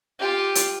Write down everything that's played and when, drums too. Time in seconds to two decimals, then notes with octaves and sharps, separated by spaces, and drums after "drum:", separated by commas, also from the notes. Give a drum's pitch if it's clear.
0.20 F4 G4
0.55 drum: hi-hat